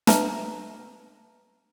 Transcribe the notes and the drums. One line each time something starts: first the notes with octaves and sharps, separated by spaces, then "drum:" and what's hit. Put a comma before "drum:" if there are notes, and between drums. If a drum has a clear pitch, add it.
B4 E5 A5 A#5, drum: snare